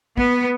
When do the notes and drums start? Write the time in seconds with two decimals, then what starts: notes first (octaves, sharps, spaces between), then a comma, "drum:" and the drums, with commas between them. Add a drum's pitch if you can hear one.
0.18 B3, drum: kick